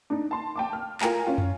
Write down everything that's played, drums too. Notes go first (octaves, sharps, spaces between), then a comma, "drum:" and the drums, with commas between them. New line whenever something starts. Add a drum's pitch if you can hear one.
D4 D#4
A5 C6
G5 A5 D6
F6
F4 A#4 G5 G#5 A#5, drum: clap
C#4 F4
drum: tom